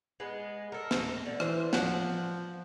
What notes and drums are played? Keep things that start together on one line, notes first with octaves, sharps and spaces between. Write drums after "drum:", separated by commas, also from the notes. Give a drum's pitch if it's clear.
G#3 B3
A4 A#4
drum: snare
D3
E3 C5, drum: rim click
F3 F#5, drum: snare